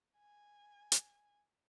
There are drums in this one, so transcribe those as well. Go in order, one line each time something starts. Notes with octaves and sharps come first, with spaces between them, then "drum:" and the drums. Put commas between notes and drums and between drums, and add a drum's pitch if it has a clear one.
G#5
drum: hi-hat